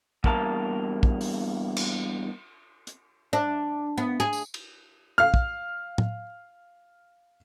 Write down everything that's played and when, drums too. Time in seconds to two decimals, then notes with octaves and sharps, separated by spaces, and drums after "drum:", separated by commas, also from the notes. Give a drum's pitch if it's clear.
0.24 E2 G2 A#3 A#4 A5, drum: kick
1.03 drum: kick
1.21 drum: open hi-hat
1.76 drum: cymbal
2.87 drum: hi-hat
3.33 D4
3.98 B3
4.20 G#4
4.33 drum: tambourine
4.54 drum: cymbal
5.18 F5 F6
5.34 drum: kick
5.98 drum: tom